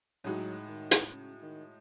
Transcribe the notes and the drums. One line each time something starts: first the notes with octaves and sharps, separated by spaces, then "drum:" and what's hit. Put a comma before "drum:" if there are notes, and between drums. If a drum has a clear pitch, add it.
A2 F#3 G#3 D#4 F#4
D#3
drum: hi-hat
C#3
D#3